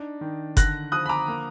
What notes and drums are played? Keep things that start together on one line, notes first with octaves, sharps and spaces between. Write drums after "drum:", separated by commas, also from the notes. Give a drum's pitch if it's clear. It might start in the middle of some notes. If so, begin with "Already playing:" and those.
Already playing: D4 D#4
D#3
D3 F#6 A#6, drum: kick F#1, hi-hat
F3 D#6 F#6
B5
A#5 D6
A#3